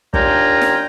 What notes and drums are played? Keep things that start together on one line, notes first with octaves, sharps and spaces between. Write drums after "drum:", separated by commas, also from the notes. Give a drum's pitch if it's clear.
D#2 D4 F4 G5 G#5 A#5, drum: kick
drum: snare